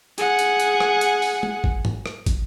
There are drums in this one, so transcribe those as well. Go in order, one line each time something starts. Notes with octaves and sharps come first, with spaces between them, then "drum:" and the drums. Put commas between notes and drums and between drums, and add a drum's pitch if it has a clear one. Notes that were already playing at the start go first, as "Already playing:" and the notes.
G#4 F#5, drum: hi-hat
drum: hi-hat
drum: hi-hat
drum: rim click
drum: hi-hat
drum: open hi-hat
drum: tom G#3
drum: kick
drum: tom
drum: rim click
drum: kick, hi-hat